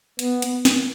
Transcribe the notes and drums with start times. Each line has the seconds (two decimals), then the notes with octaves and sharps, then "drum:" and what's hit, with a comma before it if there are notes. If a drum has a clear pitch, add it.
0.19 B3, drum: hi-hat
0.42 drum: hi-hat
0.65 drum: snare